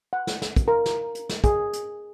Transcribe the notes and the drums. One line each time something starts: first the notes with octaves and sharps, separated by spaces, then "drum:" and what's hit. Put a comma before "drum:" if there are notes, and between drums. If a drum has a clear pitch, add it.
F#5
drum: snare
drum: snare
drum: kick, hi-hat
A#4
drum: snare
drum: hi-hat
drum: snare
G#4, drum: kick, hi-hat
drum: hi-hat